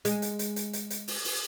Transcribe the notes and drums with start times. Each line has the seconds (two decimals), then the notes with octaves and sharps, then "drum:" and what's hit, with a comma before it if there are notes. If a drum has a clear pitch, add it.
0.05 G#3, drum: hi-hat
0.22 drum: hi-hat
0.39 drum: hi-hat
0.56 drum: hi-hat
0.73 drum: hi-hat
0.90 drum: hi-hat
1.08 drum: open hi-hat
1.25 drum: open hi-hat